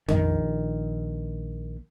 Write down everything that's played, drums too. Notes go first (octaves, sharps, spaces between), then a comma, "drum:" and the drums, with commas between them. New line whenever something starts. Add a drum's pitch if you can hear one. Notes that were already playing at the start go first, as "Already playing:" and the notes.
A#1 D#3, drum: tom F2